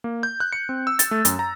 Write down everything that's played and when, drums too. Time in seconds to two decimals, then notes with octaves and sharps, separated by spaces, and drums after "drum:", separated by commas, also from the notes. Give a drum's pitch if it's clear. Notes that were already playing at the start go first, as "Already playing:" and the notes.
0.04 A#3
0.23 G6
0.40 F#6
0.52 C#7
0.69 C4
0.87 E6
0.99 A6, drum: hi-hat
1.11 A3
1.25 F#2, drum: hi-hat
1.39 A#5